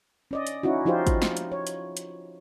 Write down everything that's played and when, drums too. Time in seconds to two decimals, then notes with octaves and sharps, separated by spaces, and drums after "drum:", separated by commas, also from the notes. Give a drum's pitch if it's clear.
0.31 C#4 D5 D#5
0.47 drum: hi-hat
0.63 C#4 D#4 E4 F#4
0.85 F3 D#4 F4 G4 C5
1.07 drum: kick G#1, hi-hat
1.22 drum: snare
1.37 drum: hi-hat
1.52 C#5
1.67 drum: hi-hat
1.97 drum: hi-hat